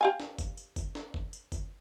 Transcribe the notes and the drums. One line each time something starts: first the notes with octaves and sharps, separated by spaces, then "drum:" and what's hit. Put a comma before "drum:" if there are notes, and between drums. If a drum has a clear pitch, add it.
G4 F5 G#5
drum: snare
drum: kick F#1, tambourine
drum: tambourine
drum: kick F#1, tambourine
drum: snare
drum: kick F#1
drum: tambourine
drum: kick F#1, tambourine